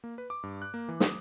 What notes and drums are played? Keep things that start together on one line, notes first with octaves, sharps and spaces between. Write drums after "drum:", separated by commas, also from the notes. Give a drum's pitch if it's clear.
A#3
B4
D6
G2
F#6
A#3
E3
D#6, drum: snare